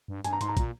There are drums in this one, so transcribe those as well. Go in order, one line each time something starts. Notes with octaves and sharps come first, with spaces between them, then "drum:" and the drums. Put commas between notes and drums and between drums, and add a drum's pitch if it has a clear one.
G2
G2 G#5, drum: hi-hat
A#5
G#2 C6, drum: hi-hat
A#5
A#2, drum: kick A#1, hi-hat